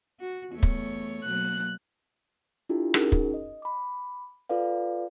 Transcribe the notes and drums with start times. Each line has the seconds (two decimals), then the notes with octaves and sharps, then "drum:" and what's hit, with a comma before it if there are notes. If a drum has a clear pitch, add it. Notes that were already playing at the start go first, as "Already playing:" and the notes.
0.20 F#4
0.53 E2 A3 C#5
0.63 drum: kick
1.25 B2 F#3 A#3 F#6
2.69 D4 E4 F4 G4 A4
2.94 C#4 D#4 F#4 G#4 A#4, drum: rim click
3.12 drum: kick
3.34 D#5
3.62 B5 D6
4.49 F4 A4 B4 D5 F5